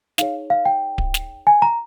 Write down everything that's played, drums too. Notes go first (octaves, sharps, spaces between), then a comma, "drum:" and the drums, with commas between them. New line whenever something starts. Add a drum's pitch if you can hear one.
D#4 G#4 C#5 F5, drum: snare
F5
G5
drum: kick D1
drum: snare
G#5
A#5